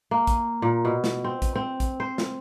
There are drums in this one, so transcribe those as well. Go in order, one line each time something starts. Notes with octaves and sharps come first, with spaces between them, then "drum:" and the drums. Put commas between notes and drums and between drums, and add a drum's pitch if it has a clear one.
A#3
drum: kick, hi-hat
A#2
B2
drum: snare
C4
drum: kick, hi-hat
C4
drum: kick, hi-hat
C5
drum: snare